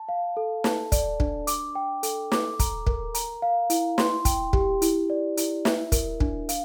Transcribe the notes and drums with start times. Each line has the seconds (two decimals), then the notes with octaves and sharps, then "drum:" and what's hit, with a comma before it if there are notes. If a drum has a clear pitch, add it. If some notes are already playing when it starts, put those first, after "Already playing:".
Already playing: A5
0.09 F5
0.37 A4
0.64 A5, drum: snare
0.92 D5, drum: kick, hi-hat
1.20 D4, drum: kick
1.47 D6, drum: hi-hat
1.75 G5
2.03 A4, drum: hi-hat
2.32 D6, drum: snare
2.60 A#5, drum: kick, hi-hat
2.87 A#4, drum: kick
3.14 A#5, drum: hi-hat
3.42 F5
3.70 E4, drum: hi-hat
3.98 C6, drum: snare
4.25 G5, drum: kick, hi-hat
4.53 G4, drum: kick
4.82 E4, drum: hi-hat
5.10 D5
5.37 E4, drum: hi-hat
5.65 E5, drum: snare
5.92 A#4, drum: kick, hi-hat
6.20 D4, drum: kick
6.49 F5, drum: hi-hat